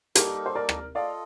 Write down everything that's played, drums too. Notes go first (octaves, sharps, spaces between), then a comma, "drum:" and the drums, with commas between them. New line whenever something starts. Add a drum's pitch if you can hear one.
G3 A#3 D#4 G4 A4 A#4, drum: hi-hat
C5
A#4 D5
drum: rim click
F4 A4 D5 D#5 F5